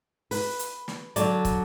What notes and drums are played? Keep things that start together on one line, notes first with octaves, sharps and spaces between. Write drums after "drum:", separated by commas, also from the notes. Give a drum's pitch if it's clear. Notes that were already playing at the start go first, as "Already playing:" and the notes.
B4, drum: open hi-hat
drum: hi-hat
drum: snare
D3 F#3 D5, drum: hi-hat
drum: kick, hi-hat